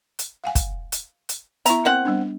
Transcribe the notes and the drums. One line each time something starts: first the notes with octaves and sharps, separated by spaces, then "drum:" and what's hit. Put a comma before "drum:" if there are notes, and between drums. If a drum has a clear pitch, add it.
drum: hi-hat
F5 F#5 G#5
drum: kick, hi-hat
drum: hi-hat
drum: hi-hat
B3 E4 E5 A#5, drum: hi-hat
A#3 C4 F#5
G3 B3 D4